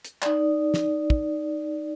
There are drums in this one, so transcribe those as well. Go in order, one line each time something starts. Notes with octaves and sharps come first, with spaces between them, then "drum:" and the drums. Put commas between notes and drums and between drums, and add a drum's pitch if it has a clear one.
drum: hi-hat
D#4 D5, drum: clap
drum: snare
drum: kick